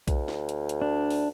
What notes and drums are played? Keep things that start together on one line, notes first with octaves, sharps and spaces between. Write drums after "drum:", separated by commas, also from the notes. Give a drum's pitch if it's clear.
D2, drum: kick B1, hi-hat
drum: snare
drum: hi-hat
drum: hi-hat
D4
drum: open hi-hat